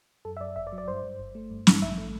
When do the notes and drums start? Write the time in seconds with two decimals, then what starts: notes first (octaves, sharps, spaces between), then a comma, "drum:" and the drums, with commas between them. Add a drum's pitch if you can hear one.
0.25 F#2 A4
0.37 E5
0.41 F#2 D5
0.56 G1 E5
0.67 D5
0.72 F#3
0.78 D5
0.88 G2 C5
1.03 G2
1.19 G1
1.35 A3
1.51 G2
1.67 G2, drum: snare
1.82 A1 E5
1.98 A3